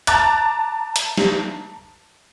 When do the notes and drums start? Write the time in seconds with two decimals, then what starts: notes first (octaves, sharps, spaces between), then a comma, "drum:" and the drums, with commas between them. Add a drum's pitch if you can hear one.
0.07 A5 A#5 D6 F#6 A6, drum: hi-hat
0.96 drum: hi-hat
1.18 drum: snare